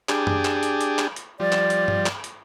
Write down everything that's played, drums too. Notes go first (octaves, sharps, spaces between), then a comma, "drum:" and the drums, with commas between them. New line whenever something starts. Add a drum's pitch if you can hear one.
D4 G4 G#4, drum: clap
drum: tom F#2
drum: clap
drum: hi-hat
drum: hi-hat
drum: clap
drum: hi-hat
F3 G3 D5
drum: clap
drum: hi-hat
drum: tom G2
drum: clap
drum: hi-hat